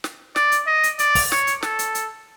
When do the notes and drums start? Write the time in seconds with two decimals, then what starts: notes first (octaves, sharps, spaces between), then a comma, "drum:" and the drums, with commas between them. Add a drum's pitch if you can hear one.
0.04 drum: snare
0.36 D5, drum: snare
0.52 drum: hi-hat
0.67 D#5
0.83 drum: hi-hat
0.99 D5, drum: hi-hat
1.15 drum: kick, open hi-hat
1.32 C#5, drum: snare
1.47 drum: hi-hat
1.63 A4, drum: snare
1.79 drum: hi-hat
1.95 drum: hi-hat